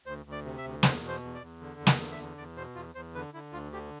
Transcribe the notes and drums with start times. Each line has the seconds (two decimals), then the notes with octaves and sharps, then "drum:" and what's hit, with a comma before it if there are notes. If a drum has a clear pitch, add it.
0.06 D2 C5
0.26 D2
0.32 D5
0.44 C3
0.58 E5
0.64 D2
0.83 E2 C5, drum: snare
1.03 B2
1.08 C5
1.22 E2
1.35 D5
1.41 E2
1.61 D3
1.80 E2
1.87 G5, drum: snare
1.99 D3
2.12 E5
2.19 E2
2.37 E2 D5
2.56 B2 C5
2.75 E2 F4
2.95 E2 C5
3.15 D3 B4
3.34 D3 E4
3.53 D2 F4
3.72 D3 G4